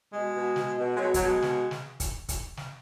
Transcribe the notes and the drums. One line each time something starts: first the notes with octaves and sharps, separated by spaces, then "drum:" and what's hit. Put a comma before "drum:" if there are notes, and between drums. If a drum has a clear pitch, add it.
B2 G#3
B2
B2, drum: snare
B2
G#3
B2 F#3
F#3, drum: kick, hi-hat
B2
G#3
B2, drum: snare
drum: snare
drum: kick, hi-hat
drum: kick, hi-hat
drum: snare